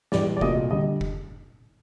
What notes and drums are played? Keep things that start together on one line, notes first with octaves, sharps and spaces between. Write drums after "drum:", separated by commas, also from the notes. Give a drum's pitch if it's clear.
A#1 G#2 E3 G3 D5, drum: snare
D5
C2 A#2 F#3 A3 D#5, drum: kick F1
D3 G3 D#5
drum: kick F1